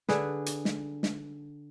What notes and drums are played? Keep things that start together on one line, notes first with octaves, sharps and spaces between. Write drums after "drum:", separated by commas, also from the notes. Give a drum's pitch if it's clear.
D3 G#4 B4, drum: snare
drum: hi-hat
drum: snare
drum: snare